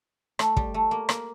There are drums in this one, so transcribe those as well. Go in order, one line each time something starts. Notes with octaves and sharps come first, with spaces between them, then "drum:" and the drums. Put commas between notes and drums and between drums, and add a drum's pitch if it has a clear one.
A3, drum: rim click
G3, drum: kick
A3
A#3
A#3, drum: rim click